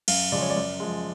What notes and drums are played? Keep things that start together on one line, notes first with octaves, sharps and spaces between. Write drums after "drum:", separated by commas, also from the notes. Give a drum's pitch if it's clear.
F#2 F5, drum: cymbal
C#3 F3 G#3 D5
C#5
D5
F#2
F3 G#3